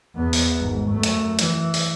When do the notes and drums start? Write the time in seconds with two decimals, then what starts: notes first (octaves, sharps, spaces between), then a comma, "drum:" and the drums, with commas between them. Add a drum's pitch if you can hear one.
0.15 E2 B3
0.33 drum: open hi-hat
0.59 G#1 G#2
0.89 F#2 A3
1.03 drum: hi-hat
1.39 E3, drum: hi-hat
1.74 drum: open hi-hat